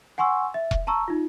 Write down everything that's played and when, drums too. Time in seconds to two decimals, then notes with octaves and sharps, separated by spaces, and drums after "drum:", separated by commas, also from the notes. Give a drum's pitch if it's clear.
0.18 F#5 G#5 C6 C#6 E6
0.54 E5
0.71 drum: kick E1
0.87 A5 A#5 C#6 E6
1.08 D#4 F4